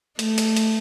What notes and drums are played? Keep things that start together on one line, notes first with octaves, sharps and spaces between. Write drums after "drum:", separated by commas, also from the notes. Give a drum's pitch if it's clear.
A3, drum: hi-hat
drum: hi-hat
drum: hi-hat